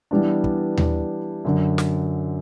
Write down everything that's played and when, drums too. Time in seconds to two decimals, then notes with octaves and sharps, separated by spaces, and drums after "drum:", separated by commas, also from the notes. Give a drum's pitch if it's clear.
0.11 E3 G3 B3 D4
0.44 drum: kick
0.77 drum: tom D#2
1.45 F#2 D3 F#3
1.78 drum: snare